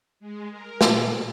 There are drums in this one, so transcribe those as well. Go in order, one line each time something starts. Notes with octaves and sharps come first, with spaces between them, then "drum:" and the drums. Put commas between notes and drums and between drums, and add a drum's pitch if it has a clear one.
G#3
A#4
A#2, drum: snare